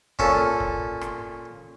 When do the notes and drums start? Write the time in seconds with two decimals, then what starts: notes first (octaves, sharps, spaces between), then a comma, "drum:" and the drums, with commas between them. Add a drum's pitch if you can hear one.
0.19 A#2 C#4 A4, drum: kick
0.60 drum: kick
1.01 drum: rim click